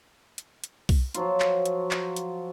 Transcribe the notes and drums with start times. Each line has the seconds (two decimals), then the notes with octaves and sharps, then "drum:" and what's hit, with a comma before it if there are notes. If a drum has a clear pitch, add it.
0.38 drum: hi-hat
0.64 drum: hi-hat
0.89 drum: kick B1, open hi-hat
1.15 F3 F#3 F4, drum: hi-hat
1.40 drum: clap
1.66 drum: hi-hat
1.91 drum: clap
2.16 drum: hi-hat